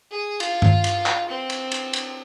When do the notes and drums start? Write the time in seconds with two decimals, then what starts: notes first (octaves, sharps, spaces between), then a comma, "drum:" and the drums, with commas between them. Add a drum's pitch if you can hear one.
0.11 G#4
0.40 F4, drum: cymbal
0.62 drum: tom G2
0.84 drum: cymbal
1.06 drum: clap
1.28 C4
1.50 drum: cymbal
1.72 drum: cymbal
1.93 drum: cymbal